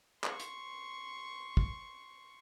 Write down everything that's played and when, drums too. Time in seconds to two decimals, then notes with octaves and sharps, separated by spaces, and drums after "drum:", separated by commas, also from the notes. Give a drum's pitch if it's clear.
0.24 C6 C#6, drum: clap
0.40 drum: hi-hat
1.57 drum: kick